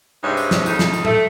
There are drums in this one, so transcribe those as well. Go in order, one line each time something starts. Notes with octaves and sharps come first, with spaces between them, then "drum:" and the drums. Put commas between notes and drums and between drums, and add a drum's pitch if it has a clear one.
G2 C3 G#3 D#4 C#5
drum: tambourine
drum: snare
F2 C#3 D#4, drum: tambourine
drum: snare
drum: tambourine
A3, drum: tom A2